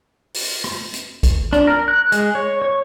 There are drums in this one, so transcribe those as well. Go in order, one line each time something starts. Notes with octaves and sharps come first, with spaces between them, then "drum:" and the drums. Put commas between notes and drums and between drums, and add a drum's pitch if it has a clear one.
drum: open hi-hat
drum: rim click
drum: hi-hat
drum: kick, hi-hat
D4, drum: rim click
A#4
F#6
G#3, drum: hi-hat
C#5
C#5